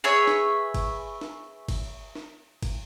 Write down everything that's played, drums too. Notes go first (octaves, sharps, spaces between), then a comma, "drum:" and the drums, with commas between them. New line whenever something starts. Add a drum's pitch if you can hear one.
G#4 B4 C#5 E5
drum: snare
drum: kick G1, cymbal
drum: snare
drum: kick G1, cymbal
drum: snare
drum: kick G1, cymbal